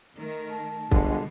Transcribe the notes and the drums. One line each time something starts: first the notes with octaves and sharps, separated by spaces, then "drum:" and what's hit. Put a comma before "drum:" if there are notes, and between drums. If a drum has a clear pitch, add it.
D#3 A3 A#4
A5
G1 B2 D3 G3 G#3, drum: kick